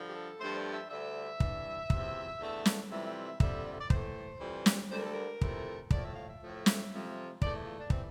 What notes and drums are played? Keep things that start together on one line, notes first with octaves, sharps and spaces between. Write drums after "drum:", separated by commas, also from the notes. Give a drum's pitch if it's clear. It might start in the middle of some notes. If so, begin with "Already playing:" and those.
Already playing: G2 D3 F3
G4
A4
G2 F3 A3 C5
D5
E5
D2 D3 G3 E5
G2 E3 G3, drum: kick
E2 C3 F3, drum: kick
E2 D3 A3
drum: snare
F2 C3 E3 G3 E5
E5
E5
F2 D3 G3 E5, drum: kick
D5
E5
D5
A2 E3 A3 C5, drum: kick
F2 E3 G3
drum: snare
D2 D3 G3 C5
A#4
A4
A#4
F2 C3 E3 A3, drum: kick
A2 F3 A3 D5, drum: kick
E5
F5
E5
A2 F3 A3
drum: snare
F2 C3 F3
E2 E3 A3 D5, drum: kick
E4
F4
D4
E3 G3 C4, drum: kick